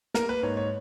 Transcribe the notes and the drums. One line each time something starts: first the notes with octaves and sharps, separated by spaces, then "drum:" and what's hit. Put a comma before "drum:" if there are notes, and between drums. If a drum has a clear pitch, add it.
A#3 A#4, drum: snare
B4
G#2 C#5
C#5